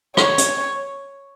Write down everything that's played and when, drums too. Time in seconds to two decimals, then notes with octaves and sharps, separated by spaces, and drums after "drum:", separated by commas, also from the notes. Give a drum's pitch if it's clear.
0.17 C#5, drum: rim click
0.38 drum: hi-hat